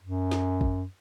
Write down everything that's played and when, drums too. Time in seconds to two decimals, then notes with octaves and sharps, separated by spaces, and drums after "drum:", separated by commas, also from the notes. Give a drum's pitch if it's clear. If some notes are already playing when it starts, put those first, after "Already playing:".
0.02 F#2
0.31 drum: snare
0.61 drum: kick